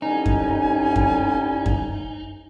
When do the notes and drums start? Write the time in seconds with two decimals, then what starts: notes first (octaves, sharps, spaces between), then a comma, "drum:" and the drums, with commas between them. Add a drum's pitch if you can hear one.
0.02 C2 A2 C#4 D#4 G#5
0.26 drum: kick F#2
0.96 drum: kick F#2
1.66 drum: kick F#2